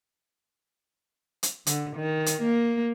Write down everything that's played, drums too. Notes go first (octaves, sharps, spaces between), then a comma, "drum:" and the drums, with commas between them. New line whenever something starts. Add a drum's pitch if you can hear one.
drum: hi-hat
D3, drum: hi-hat
D#3
drum: hi-hat
A#3